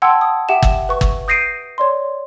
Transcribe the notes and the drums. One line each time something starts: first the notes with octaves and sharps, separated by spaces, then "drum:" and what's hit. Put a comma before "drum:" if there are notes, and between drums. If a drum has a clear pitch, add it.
F#5 G5 A5 C6 E6 G#6
D#6
G4 E5 F#5 G5 E7
drum: kick
B4 C#6
drum: kick
D#6 G6 A#6 C7 D7 D#7
C#5 D5 C6